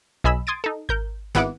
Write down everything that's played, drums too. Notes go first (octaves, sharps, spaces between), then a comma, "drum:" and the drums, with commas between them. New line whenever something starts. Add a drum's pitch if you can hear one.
B1 D#5 G#5 B5 E6
C6 D#6 G#6 A6 D7
D#4 A4
A#4 G6, drum: kick G#1
G#1 B3 E4 F#5 D6, drum: snare